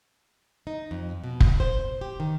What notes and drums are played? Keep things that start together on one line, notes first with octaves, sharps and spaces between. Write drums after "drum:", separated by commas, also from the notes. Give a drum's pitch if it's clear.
D#4
F2
B2
drum: kick
C5
G4
D#3